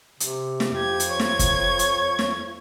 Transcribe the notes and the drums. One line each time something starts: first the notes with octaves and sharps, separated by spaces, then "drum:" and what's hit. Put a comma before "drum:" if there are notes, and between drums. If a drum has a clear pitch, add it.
C3, drum: hi-hat
drum: snare
F2 G4 G#6
drum: hi-hat
C#5
drum: snare
drum: kick, hi-hat
drum: hi-hat
drum: snare